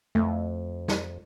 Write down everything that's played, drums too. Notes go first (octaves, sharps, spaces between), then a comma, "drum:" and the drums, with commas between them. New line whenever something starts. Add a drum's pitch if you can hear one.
F2 A3
drum: snare